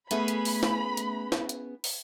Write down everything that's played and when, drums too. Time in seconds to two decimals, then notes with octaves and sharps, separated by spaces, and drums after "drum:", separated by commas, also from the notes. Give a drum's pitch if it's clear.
0.11 A3 B3 C#4 G#4 B5, drum: hi-hat
0.28 drum: hi-hat
0.45 drum: open hi-hat
0.63 drum: snare
0.97 drum: hi-hat
1.32 drum: snare
1.49 drum: hi-hat
1.84 drum: open hi-hat